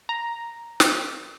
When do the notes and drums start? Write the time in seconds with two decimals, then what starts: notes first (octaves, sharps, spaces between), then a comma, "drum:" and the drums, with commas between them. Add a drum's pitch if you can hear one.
0.09 A#5
0.80 drum: snare